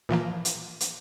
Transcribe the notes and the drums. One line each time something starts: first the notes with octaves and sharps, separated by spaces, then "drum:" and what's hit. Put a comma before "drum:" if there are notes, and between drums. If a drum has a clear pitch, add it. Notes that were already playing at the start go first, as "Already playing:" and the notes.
A#2 E3 F3 A#3
drum: hi-hat
drum: hi-hat